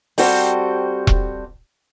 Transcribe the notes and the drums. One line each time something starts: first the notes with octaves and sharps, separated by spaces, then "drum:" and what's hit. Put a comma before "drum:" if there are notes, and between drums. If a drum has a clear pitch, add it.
G3 C4 F#4 G4 A4 C5, drum: open hi-hat
drum: kick E1